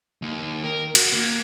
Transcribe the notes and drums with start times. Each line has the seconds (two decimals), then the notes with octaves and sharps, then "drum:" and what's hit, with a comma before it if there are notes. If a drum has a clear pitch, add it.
0.22 D#2
0.64 A#4
0.95 F#4, drum: cymbal
1.13 A#3